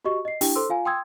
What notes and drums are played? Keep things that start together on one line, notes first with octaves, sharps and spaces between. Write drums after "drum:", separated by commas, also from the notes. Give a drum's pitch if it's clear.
F#4 G4 D#5 C#6
D#5 C7
D4 E4 G4 G5, drum: open hi-hat
A4 C5 C6 E6
F4 F5 G#5
G5 C6 D#6 E6 G#6